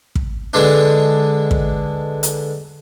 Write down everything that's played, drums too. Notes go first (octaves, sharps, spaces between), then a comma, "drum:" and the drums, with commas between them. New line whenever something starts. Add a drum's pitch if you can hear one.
drum: kick
D3 G#3 B3 D4
drum: kick
drum: hi-hat